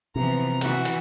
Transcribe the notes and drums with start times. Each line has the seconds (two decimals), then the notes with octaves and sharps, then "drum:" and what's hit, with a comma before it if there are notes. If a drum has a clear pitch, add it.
0.16 C3 E3 F3 B3 A#5
0.61 E3 F#4, drum: hi-hat
0.85 drum: hi-hat